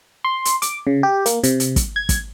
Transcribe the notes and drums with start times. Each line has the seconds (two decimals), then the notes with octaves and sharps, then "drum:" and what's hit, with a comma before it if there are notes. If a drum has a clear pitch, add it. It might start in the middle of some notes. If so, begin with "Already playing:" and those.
0.24 C6
0.45 drum: hi-hat
0.62 D6, drum: hi-hat
0.87 C#3
1.03 G4
1.26 A#3, drum: hi-hat
1.43 C3, drum: hi-hat
1.60 drum: hi-hat
1.76 drum: kick, hi-hat
1.96 G#6
2.09 drum: kick, hi-hat